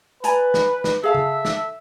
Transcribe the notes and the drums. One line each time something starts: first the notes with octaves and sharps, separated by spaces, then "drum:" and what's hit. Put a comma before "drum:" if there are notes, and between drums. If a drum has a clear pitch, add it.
B4 D5 G#5 A#5, drum: hi-hat
drum: snare
drum: snare
G#4 A4 E5 F5 A5
drum: tom C#3
drum: snare